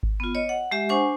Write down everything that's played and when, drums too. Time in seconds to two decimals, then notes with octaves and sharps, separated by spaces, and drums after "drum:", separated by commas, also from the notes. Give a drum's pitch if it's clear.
0.03 drum: kick G#1
0.20 B3 F4
0.35 C#5 D#5
0.49 F#5
0.71 G#3 G4 E5
0.89 D4 C5 F#5 G#5 C#6